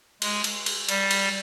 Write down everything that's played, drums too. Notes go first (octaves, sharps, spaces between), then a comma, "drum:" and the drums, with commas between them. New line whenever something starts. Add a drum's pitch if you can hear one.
G#3, drum: cymbal
drum: cymbal
drum: cymbal
G3, drum: cymbal
drum: cymbal